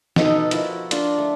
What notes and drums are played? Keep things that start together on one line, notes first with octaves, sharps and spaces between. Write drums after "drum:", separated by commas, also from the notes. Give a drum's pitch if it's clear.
B2 D#4 A4, drum: snare
F3 E4 F#4 A#4, drum: hi-hat
D4 F4 A#4, drum: hi-hat
A3